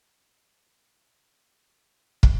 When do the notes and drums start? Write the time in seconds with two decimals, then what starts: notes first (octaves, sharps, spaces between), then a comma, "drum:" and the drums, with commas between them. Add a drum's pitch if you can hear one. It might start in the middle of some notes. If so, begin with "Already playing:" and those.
Already playing: G#5
0.30 G#2 D#3 F#3
0.69 F#5
1.08 C#3 G#3 D#4
1.84 C#3 F#3 C#4 A#5
2.23 drum: kick